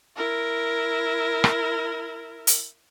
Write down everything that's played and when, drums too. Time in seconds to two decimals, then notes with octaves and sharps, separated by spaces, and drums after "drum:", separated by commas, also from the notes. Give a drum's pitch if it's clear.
0.16 E4 A#4
1.44 drum: rim click
2.47 drum: hi-hat